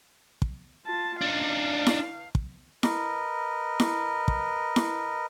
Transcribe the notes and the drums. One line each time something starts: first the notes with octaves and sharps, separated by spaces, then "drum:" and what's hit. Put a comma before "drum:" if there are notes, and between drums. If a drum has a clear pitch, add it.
drum: kick
F4 A5
D4 D#4 F5
drum: snare E4
drum: kick
A#4 B4 D#5, drum: snare E4
drum: snare E4
drum: kick
drum: snare E4